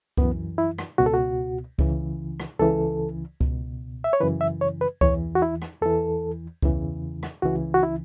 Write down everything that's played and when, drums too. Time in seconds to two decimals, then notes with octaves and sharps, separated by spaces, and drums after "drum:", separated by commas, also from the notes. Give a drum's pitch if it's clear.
0.17 F#2 E3 B3, drum: kick C#2
0.58 E4
0.78 drum: rim click
0.98 C#2 B2 F#4
1.06 A4
1.14 F#4
1.79 C#2 C#3 E3, drum: kick C#2
2.40 drum: rim click
2.60 C#2 C#3 E3 A4
3.41 C#2 B2, drum: kick C#2
4.04 E5
4.13 C#5
4.20 F#2 C#3 E3 B4
4.41 E5
4.61 C#5
4.81 B4
5.01 E2 E3 C#5, drum: kick C#2
5.35 F#4
5.42 E4
5.62 drum: rim click
5.82 E2 E3 A4
6.62 E2 C#3 E3, drum: kick C#2
7.23 drum: rim click
7.42 C#2 C#3 E3 F#4
7.74 F#4
7.83 E4